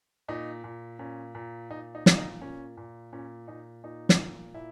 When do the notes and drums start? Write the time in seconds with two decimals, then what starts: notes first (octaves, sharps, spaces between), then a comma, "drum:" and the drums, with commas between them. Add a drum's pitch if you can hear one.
0.28 A#2 D#4
0.64 A#2
0.99 A#2 C#4
1.35 A#2
1.70 A#2 D#4
1.95 D#4
2.06 A#2, drum: snare
2.18 D#4
2.41 A#2 C#4
2.77 A#2
3.13 A#2 C#4
3.48 A#2 D#4
3.84 A#2 D#4
4.09 drum: snare
4.19 A#2
4.54 A#2 E4